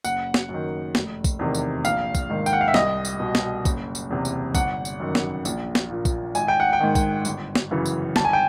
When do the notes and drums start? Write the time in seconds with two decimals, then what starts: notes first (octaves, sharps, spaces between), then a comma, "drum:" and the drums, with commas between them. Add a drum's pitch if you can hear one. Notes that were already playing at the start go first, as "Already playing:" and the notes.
0.04 F#1 F#5, drum: tambourine
0.34 drum: snare
0.49 F#2
0.54 D#3
0.95 F1, drum: snare
1.24 drum: kick, tambourine
1.39 E2 C3 D#3
1.54 drum: tambourine
1.85 A#1 F5, drum: tambourine
2.15 drum: kick, tambourine
2.30 G#2 D#3
2.46 G5, drum: tambourine
2.53 F#5
2.61 F5
2.68 E5
2.74 C2 D#5, drum: snare
3.05 drum: tambourine
3.20 B2
3.35 drum: snare
3.65 F#1, drum: kick, tambourine
3.95 drum: tambourine
4.10 E2 C3
4.25 drum: tambourine
4.55 G1 F#5, drum: kick, tambourine
4.85 drum: tambourine
5.00 F#2 D#3
5.15 drum: snare
5.45 A#1, drum: tambourine
5.75 drum: snare
5.90 A#2
6.05 drum: kick, tambourine
6.35 G#1 G#5, drum: tambourine
6.48 G5
6.60 F#5
6.73 G5
6.80 G#2 D#3
6.95 drum: kick, tambourine
7.25 G1, drum: tambourine
7.55 drum: snare
7.71 F#2 C#3 E3
7.86 drum: tambourine
8.16 G1 A5, drum: snare
8.25 G#5
8.33 G5